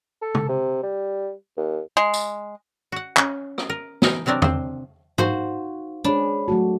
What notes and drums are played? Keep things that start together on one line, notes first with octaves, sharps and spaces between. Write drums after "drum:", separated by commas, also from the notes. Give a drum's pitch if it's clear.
A4
drum: tom
C3
G3
D#2
G#3
drum: tambourine
F#4 F#5
C#4, drum: clap
drum: rim click
A#4
E3 D#4 A#4, drum: snare
C3 F#3 C4 D4 A#4
C4 C5, drum: tom E2
D#4 F#4 C5 F5, drum: tom
G#3 D4 G#4 C5 C#5 B5
F#3 A3 F#4 A5